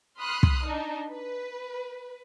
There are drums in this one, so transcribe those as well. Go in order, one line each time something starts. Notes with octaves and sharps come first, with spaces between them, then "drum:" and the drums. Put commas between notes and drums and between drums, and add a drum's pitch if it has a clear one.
B5 C6 D#6 F6 F#6
drum: kick
D4 D#4
B4